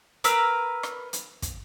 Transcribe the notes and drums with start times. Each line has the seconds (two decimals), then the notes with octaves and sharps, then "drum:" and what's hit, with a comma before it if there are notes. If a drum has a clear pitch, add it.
0.24 A#4 B4 A#5 E6, drum: hi-hat
0.83 drum: rim click
1.13 drum: hi-hat
1.42 drum: kick, hi-hat